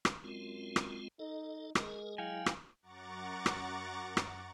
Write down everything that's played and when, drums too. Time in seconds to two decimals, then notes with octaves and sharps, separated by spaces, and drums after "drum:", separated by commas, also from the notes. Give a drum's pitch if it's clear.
0.05 drum: rim click
0.24 F#2 G#3 C4 F4
0.76 drum: rim click
1.19 D#4 A4 D#5
1.75 G#3 G#4 A#4, drum: rim click
2.18 F#3 E4 F5 G5 G#5
2.46 drum: rim click
2.82 F#2 F#5 A#5 C#6 D6 A6
3.46 drum: rim click
4.17 drum: rim click